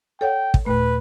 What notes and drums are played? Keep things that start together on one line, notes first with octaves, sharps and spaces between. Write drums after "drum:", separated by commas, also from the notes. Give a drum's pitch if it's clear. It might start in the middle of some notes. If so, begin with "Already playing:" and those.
A4 C#5 F#5 G5
drum: kick
D#2 A#2 A3 B4